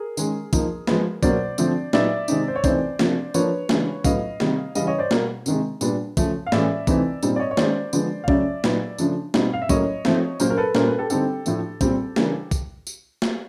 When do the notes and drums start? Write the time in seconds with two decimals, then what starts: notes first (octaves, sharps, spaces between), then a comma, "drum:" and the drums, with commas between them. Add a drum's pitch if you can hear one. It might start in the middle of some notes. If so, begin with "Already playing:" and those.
Already playing: G#4 A#4
0.17 D#3 G#3 C#4, drum: tambourine
0.53 F3 A#3 D#4, drum: kick, tambourine
0.87 F3 G#3 B3, drum: snare
1.23 B2 F#3 A#3 C5 D5, drum: kick, tambourine
1.58 D3 F3 A3 C4, drum: tambourine
1.93 A#2 F#3 B3 D#4 D5 E5, drum: snare
2.28 C3 D#3 G#3 C4 D#4, drum: tambourine
2.48 C5
2.56 C#5
2.64 C3 E3 A3 C4 D#4 C5 D5, drum: kick, tambourine
2.99 C3 F3 A#3 D4, drum: snare
3.34 F3 A#3 D4 B4 C#5, drum: tambourine
3.69 C#3 E3 G#3 B3 D4, drum: snare
4.05 A2 F#3 B3 D#5 F5, drum: kick, tambourine
4.40 C3 D#3 G3, drum: snare
4.75 C#3 E3 G3 D#5 F5, drum: tambourine
4.87 C#5 D#5
4.98 C5 D5
5.11 B2 G3 A#3, drum: snare
5.46 C3 D#3 G#3, drum: tambourine
5.81 A#2 G3 B3 D4, drum: tambourine
6.17 C#3 F3 A3, drum: kick, tambourine
6.47 F5
6.52 A2 E3 G#3 C#4 D5 E5, drum: snare
6.87 C3 E3 A3 C4 D#4, drum: kick, tambourine
7.23 A#2 G3 C4 D#4, drum: tambourine
7.36 D5
7.40 C#5 D#5
7.51 C#5
7.57 D#3 G#3 C#4 C5 D5, drum: snare
7.93 D3 F3 G#3 B3, drum: tambourine
8.24 F5
8.28 C#3 F#3 A3 C#4 D5 E5, drum: kick
8.64 A#2 F#3 B3 D#4, drum: snare
8.98 C#3 F3 A3 D4, drum: tambourine
9.34 B2 G3 C4 D#4, drum: snare
9.53 F5
9.62 E5
9.69 A2 F#3 A#3 C#4 C#5 D#5, drum: kick, tambourine
10.05 F3 A3 C4 D#4, drum: snare
10.40 A#2 F#3 A#3 C#4 A#4 C5, drum: tambourine
10.50 A#4
10.57 A4 B4
10.75 A#2 G3 A#3 C#4 A#4 C5, drum: snare
10.87 A4 B4
10.99 G4 A4
11.10 D3 G3 C4 D#4 G4 A4, drum: tambourine
11.46 A2 F3 A3 D4, drum: tambourine
11.81 A#2 G3 C4, drum: kick, tambourine
12.16 C#3 E3 G3 A#3 D4, drum: snare
12.51 drum: kick, tambourine
12.87 drum: tambourine
13.22 drum: snare